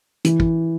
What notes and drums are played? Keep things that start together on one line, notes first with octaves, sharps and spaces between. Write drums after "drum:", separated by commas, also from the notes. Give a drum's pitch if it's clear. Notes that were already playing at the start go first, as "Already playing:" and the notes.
E3, drum: hi-hat
drum: kick